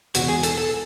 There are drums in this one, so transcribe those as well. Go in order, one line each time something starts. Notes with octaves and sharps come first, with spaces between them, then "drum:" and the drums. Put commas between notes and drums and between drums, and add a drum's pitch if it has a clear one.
E2 B2 G#3 F#4, drum: hi-hat
G#4
A4, drum: hi-hat
A4